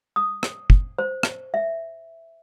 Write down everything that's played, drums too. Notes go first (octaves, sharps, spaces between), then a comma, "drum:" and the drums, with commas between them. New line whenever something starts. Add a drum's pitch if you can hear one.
D#6
drum: rim click
drum: kick
C5
drum: rim click
E5